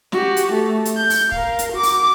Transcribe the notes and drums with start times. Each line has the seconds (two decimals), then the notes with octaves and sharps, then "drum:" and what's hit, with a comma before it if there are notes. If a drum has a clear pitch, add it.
0.12 F#4 G4, drum: snare
0.37 drum: hi-hat
0.52 A3
0.85 drum: hi-hat
0.96 G6
1.10 drum: open hi-hat
1.32 A#4 F5, drum: kick
1.59 drum: hi-hat
1.72 F#4 D6
1.83 drum: open hi-hat